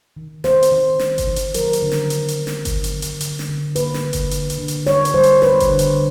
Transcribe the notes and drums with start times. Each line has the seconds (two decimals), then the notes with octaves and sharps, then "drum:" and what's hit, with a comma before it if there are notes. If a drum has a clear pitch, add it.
0.17 D#3
0.44 D#3 C5, drum: snare
0.62 drum: hi-hat
0.72 D#3
0.99 D#3, drum: snare
1.18 drum: kick G1, hi-hat
1.27 D#3
1.36 drum: hi-hat
1.54 F#3 A#4, drum: hi-hat
1.73 drum: hi-hat
1.82 D3
1.92 drum: snare
2.10 D3, drum: hi-hat
2.28 drum: hi-hat
2.38 B3
2.47 drum: snare
2.65 B3, drum: kick G1, hi-hat
2.84 drum: hi-hat
2.93 D3
3.02 drum: hi-hat
3.20 D3, drum: hi-hat
3.39 drum: snare
3.49 D3
3.76 A#3 B4, drum: hi-hat
3.94 drum: snare
4.03 D3
4.13 drum: kick G1, hi-hat
4.31 D3, drum: hi-hat
4.50 drum: hi-hat
4.59 D3
4.68 drum: hi-hat
4.87 G3 C#5, drum: snare
5.05 drum: hi-hat
5.14 G3 C5
5.23 drum: hi-hat
5.42 G3 B4, drum: snare
5.60 drum: kick G1, hi-hat
5.69 D3
5.79 drum: hi-hat